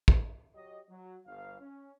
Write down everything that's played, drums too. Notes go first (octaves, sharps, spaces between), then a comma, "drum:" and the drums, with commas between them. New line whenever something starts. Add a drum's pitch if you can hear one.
drum: kick
F#3 G4 C#5 D#5
F#3
G1 F5
C#4